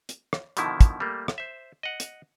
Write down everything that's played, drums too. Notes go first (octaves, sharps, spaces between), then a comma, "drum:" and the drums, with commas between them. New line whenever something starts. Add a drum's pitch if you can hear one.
drum: hi-hat
drum: rim click
B2 D3 D#3 F3 E4, drum: hi-hat
drum: kick, hi-hat
G3 A3 A#3
drum: rim click
C5 E5
D#5 F#5
drum: hi-hat